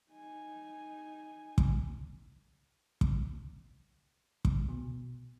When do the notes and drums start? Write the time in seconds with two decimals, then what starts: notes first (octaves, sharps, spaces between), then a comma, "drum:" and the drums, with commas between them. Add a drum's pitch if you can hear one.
0.11 D#4 G#5
1.58 drum: kick
3.01 drum: kick
4.45 drum: kick
4.69 B2